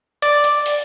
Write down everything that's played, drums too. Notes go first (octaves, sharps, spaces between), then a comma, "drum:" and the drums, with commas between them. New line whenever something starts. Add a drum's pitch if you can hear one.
D5, drum: hi-hat
drum: hi-hat
drum: open hi-hat